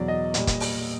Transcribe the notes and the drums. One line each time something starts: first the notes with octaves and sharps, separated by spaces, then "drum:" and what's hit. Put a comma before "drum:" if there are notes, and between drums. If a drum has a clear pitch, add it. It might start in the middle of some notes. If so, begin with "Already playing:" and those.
Already playing: E2 B2 F#3 D5
D#5
A#2 G3, drum: hi-hat
drum: kick, hi-hat
drum: open hi-hat